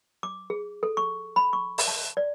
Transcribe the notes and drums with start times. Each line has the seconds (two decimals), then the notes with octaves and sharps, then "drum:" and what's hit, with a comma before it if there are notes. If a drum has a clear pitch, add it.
0.23 D6
0.50 G#4
0.83 A4
0.97 C#6
1.36 B5
1.53 C#6
1.78 drum: open hi-hat
1.88 A5
2.17 D5